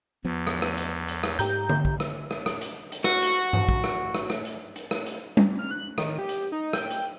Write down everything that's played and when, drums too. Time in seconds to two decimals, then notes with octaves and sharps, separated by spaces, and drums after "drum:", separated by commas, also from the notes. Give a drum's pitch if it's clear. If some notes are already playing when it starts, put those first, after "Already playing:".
0.25 E2 F3 B3
0.47 drum: rim click
0.62 drum: rim click
0.78 drum: hi-hat
1.08 drum: hi-hat
1.24 drum: rim click
1.39 G#2 G4 A#5 G6, drum: hi-hat
1.69 drum: tom D3
1.85 drum: kick
2.00 drum: rim click
2.31 drum: rim click
2.46 drum: rim click
2.61 drum: hi-hat
2.92 drum: hi-hat
3.04 F#4, drum: rim click
3.23 drum: hi-hat
3.53 drum: tom G2
3.69 drum: kick
3.84 drum: rim click
4.15 drum: rim click
4.30 drum: rim click
4.45 drum: hi-hat
4.76 drum: hi-hat
4.91 drum: rim click
5.06 drum: hi-hat
5.37 drum: tom G3
5.59 F6
5.71 F#6
5.98 D#3, drum: rim click
6.18 G4
6.29 drum: hi-hat
6.52 D#4
6.73 G5, drum: rim click
6.90 drum: hi-hat